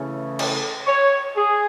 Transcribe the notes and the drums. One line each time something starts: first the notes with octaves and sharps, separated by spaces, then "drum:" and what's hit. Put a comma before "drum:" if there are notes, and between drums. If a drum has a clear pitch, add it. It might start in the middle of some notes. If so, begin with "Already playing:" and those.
Already playing: C#3 E3 A3 C#4 E4
A4, drum: cymbal
C#5
G#4